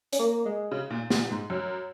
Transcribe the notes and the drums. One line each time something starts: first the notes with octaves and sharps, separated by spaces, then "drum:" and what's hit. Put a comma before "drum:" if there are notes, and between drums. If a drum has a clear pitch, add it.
C#4, drum: hi-hat
A#3
G#3
C#3
A#2
A#2, drum: snare
G#2
F#2